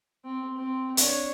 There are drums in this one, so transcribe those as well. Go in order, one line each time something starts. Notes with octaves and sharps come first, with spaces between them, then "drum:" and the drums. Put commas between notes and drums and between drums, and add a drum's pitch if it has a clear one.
C4
C4
D4 C#5, drum: hi-hat